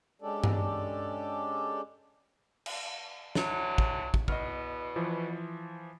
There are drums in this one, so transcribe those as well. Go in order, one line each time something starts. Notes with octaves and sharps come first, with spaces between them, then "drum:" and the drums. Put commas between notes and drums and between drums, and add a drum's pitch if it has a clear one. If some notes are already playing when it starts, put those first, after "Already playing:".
G#3 C#4 D4 G4 A4 D5
drum: tom G2
drum: cymbal
D3 E3 F#3, drum: snare
drum: kick
drum: kick
E2 B2 D#5 F6, drum: kick
E3 F3